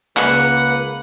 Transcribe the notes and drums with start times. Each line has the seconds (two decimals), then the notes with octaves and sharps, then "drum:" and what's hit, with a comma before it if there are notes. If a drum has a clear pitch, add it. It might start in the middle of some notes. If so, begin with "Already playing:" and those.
0.17 C#2 A#3 B4 F#5, drum: clap